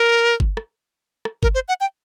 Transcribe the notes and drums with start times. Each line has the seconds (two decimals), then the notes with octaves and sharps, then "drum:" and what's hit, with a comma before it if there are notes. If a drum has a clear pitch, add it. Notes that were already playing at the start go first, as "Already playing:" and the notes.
Already playing: A#4
0.40 drum: kick G1
0.57 drum: rim click
1.25 drum: rim click
1.43 A#4, drum: kick G1
1.55 C5
1.68 F#5
1.81 G5